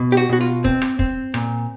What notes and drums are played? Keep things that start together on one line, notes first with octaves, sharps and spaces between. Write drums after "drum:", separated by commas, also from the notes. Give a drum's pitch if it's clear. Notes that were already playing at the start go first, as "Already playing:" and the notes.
Already playing: B2
G4
F#4
B2 F#4
F4
C4, drum: kick
drum: rim click
C4, drum: kick
A#2, drum: rim click